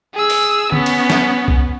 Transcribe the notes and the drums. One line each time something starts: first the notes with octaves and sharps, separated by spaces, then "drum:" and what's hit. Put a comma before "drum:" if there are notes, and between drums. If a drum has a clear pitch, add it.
G#4 E6
drum: open hi-hat
B3 C#4, drum: tom
drum: cymbal
drum: snare
drum: kick B1